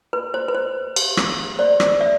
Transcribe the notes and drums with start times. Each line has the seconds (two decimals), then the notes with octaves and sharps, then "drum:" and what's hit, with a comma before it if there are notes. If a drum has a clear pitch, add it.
0.13 B4
0.34 C5
0.48 B4
0.55 C5
0.96 drum: cymbal
1.17 drum: rim click
1.59 C5 D5
1.80 drum: rim click
2.01 D5 E5